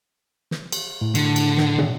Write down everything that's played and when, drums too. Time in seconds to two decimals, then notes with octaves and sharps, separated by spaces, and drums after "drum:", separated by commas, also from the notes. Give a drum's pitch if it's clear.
0.51 drum: snare
0.72 drum: cymbal
1.01 A2
1.15 D3, drum: cymbal
1.36 drum: cymbal
1.57 drum: snare
1.78 drum: tom